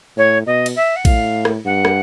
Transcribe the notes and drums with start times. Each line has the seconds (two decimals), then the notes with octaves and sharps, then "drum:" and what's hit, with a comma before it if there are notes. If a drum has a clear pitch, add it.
0.16 A2 C#5
0.46 B2 D#5
0.66 drum: cymbal
0.75 E5
0.95 F#5
1.05 A2 F5, drum: kick A#1, cymbal
1.45 drum: rim click
1.65 G2 F#5
1.85 drum: rim click